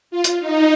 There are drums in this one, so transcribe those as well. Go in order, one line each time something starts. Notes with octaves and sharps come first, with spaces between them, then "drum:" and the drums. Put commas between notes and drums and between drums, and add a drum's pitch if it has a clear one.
F4
drum: hi-hat
D#4